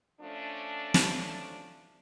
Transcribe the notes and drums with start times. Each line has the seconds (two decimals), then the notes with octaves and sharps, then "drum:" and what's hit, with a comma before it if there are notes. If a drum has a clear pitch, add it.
0.20 F3 A3 C#4 D4
0.94 drum: snare